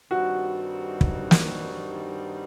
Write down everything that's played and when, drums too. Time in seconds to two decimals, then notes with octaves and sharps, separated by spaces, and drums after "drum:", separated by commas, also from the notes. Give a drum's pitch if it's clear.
0.10 G2 D#3 G3 C4 D#4 F#4
1.01 drum: kick
1.31 drum: snare